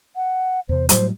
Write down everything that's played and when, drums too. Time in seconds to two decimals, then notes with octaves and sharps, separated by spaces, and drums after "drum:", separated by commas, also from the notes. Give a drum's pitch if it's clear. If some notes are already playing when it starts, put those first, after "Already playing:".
0.16 F#5
0.69 E2 C3 C5
0.89 A2 F#3 G3 C5, drum: hi-hat